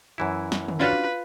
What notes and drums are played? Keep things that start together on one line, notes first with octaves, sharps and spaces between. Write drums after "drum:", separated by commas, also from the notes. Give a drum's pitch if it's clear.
F#2 E3 E4
drum: snare
drum: tom D3
C#4 D4 F4 F#4 B4 F5